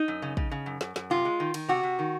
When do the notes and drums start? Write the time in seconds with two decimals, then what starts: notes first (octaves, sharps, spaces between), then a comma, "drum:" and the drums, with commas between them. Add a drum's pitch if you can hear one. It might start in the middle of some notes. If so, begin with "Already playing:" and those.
Already playing: D#4
0.08 F#2
0.22 C#3
0.37 C#3, drum: kick
0.51 C#3
0.66 F#2
0.81 F#2, drum: snare
0.96 F#2, drum: snare
1.10 C3 F4
1.25 G#3
1.40 D#3
1.54 D#3, drum: cymbal
1.68 C3 F#4
1.83 C3
1.99 D#3